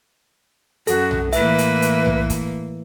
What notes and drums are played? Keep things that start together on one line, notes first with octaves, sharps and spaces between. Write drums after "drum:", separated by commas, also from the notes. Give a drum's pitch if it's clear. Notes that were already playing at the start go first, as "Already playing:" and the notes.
F#2 F#4 A4, drum: hi-hat
drum: tom B1
A2 E3 A#3 B4 E5, drum: hi-hat
drum: hi-hat
drum: hi-hat
drum: tom B1
drum: kick, hi-hat